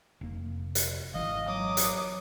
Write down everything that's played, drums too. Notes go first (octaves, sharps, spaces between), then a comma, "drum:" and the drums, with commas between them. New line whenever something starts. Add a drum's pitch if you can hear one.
F1 A#3
drum: hi-hat
G#1 E3 D#5 F5
F#3 D6 D#6
drum: hi-hat